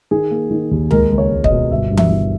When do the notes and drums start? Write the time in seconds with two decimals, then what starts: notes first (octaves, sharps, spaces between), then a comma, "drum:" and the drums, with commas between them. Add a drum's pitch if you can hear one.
0.11 D#3 G#4
0.31 A#3
0.51 D#3
0.71 D#2
0.91 G#3 A#4, drum: tom C#2
1.11 C#2
1.18 C#5
1.31 C#2
1.44 D#5, drum: kick
1.50 B2
1.71 G1 E5
1.91 G2
1.97 E5, drum: tom E3
2.11 E3